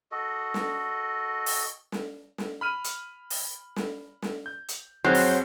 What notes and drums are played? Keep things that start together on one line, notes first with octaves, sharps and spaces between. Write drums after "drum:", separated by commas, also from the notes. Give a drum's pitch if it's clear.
F#4 A4 D#5
drum: snare
drum: open hi-hat
drum: snare
drum: snare
B5 F6 D#7
drum: hi-hat
drum: open hi-hat
drum: snare
drum: snare
G6
drum: hi-hat
F2 F#3 C4 G#4 C5
drum: open hi-hat